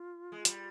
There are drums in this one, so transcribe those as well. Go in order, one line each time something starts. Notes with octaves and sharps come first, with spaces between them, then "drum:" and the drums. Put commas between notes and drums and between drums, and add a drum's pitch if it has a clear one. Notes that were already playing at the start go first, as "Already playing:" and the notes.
Already playing: F4
G#3
G3, drum: hi-hat